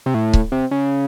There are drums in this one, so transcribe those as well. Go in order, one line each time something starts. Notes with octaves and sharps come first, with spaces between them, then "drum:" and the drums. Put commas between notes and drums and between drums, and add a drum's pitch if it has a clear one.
C3
A2
drum: kick C#1
C3
C#3